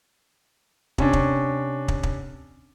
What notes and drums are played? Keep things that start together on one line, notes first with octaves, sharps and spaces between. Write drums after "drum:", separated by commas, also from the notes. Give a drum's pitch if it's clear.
C3 C#4 D4, drum: kick
drum: kick
drum: kick
drum: kick